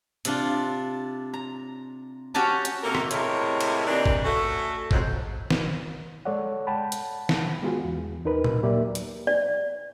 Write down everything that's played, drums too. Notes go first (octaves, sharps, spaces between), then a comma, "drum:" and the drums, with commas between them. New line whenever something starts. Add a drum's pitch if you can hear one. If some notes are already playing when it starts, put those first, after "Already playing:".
C3 D4 F4, drum: hi-hat
A#5
C#4 F#4 G4 C#5 A5 A#5
drum: hi-hat
C3 A#3 F#4 A4 A#4
drum: rim click
A2 C3 G#3 E4 A#4 C#5, drum: hi-hat
drum: cymbal
C3 E3 A#3 D4 D#4
drum: kick
A3 C#4 F#4 A4
F2 G#2 F3 F#3 G#3 C4, drum: kick
drum: snare
G#3 A4 C#5 D5 F#5
F#5 G5 A5 B5
drum: hi-hat
drum: snare
G#3 B3 F4 F#4 G#4
E2 E3
D#2 D#4 A#4 B4
drum: tom A#2
F#3 A#3 G4 A#4 D5 E5
drum: hi-hat
D5